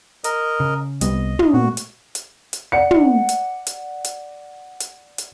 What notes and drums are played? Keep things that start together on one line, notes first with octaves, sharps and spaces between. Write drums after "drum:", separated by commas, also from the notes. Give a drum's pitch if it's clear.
A#4 D#5, drum: hi-hat
C#3
C2 G3 B3 D#5, drum: hi-hat
drum: tom
A#2 F#4
drum: hi-hat
drum: hi-hat
drum: hi-hat
D5 F#5 C#7
drum: tom
drum: hi-hat
drum: hi-hat
drum: hi-hat
drum: hi-hat
drum: hi-hat